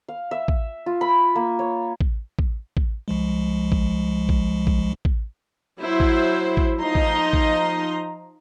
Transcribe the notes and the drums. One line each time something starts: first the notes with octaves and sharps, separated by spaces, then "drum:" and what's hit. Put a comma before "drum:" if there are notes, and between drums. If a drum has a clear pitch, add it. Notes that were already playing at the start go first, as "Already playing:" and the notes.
F5
E5
drum: kick
F4
B5
A#3
C#5
drum: kick
drum: kick
drum: kick
C2 F3 G#3
drum: kick
drum: kick
drum: kick
drum: kick
F#3 E4 C5
drum: kick
drum: kick
F3 D#4 D#5 A#5 C6
drum: kick
drum: kick